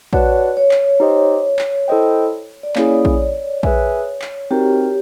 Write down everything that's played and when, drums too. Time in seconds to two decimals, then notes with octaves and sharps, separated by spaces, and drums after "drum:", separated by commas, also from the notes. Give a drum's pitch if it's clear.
0.13 F#4 B4 C#5 D5 F#5 A5, drum: kick A#1
0.57 C#5
0.71 drum: clap
1.00 D#4 G4 C5 D#5
1.59 drum: clap
1.88 E4 A4 C5 D#5 G5
2.63 D5
2.76 A#3 C#4 E4 G#4 C#5, drum: clap
3.05 drum: kick A#1
3.63 G#4 B4 E5 G#5, drum: kick A#1
4.22 drum: clap
4.51 C4 D#4 F#4 G4 A#4